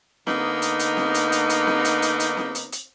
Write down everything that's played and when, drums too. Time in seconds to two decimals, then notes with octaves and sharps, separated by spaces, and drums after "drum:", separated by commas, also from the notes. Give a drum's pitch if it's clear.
0.27 D3 A#3 B3 D#4, drum: snare C4
0.62 drum: hi-hat
0.79 drum: hi-hat
0.97 drum: snare C4
1.14 drum: hi-hat
1.32 drum: hi-hat
1.50 drum: hi-hat
1.67 drum: snare C4
1.85 drum: hi-hat
2.02 drum: hi-hat
2.20 drum: hi-hat
2.37 drum: snare C4
2.55 drum: hi-hat
2.72 drum: hi-hat